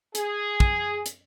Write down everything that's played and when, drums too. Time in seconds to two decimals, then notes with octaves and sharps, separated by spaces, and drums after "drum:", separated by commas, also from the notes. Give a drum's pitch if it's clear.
0.15 G#4, drum: hi-hat
0.60 drum: kick
1.06 drum: hi-hat